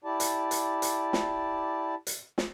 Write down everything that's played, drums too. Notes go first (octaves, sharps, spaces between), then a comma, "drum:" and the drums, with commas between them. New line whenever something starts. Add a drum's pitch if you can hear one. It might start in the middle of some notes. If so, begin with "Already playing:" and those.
E4 G4 D5 A5
drum: hi-hat
drum: hi-hat
drum: hi-hat
drum: snare
drum: hi-hat
drum: snare